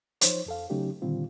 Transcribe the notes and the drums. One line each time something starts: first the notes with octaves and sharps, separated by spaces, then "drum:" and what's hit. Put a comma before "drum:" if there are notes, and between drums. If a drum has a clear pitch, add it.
F3 D#4 C5 C#5, drum: hi-hat
F2 A4 F5
C#3 F#3 A3 C#4 D#4 G4
A#2 D3 D#3 G3 C4 F4